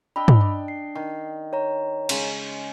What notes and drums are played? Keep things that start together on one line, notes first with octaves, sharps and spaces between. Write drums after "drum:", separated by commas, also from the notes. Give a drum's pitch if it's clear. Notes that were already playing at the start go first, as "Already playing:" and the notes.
D4 D#5 G5 B5 E6
drum: tom
D4
C7
D#3
C#5 A#5
C#3 G#3, drum: cymbal